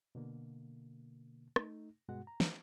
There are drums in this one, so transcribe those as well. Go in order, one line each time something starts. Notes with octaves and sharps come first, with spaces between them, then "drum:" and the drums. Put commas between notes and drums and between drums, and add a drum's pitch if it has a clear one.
B2 D3 A#3
A3 D#4, drum: rim click
G2 B2 G#3 F#4 F#5
A#5
drum: snare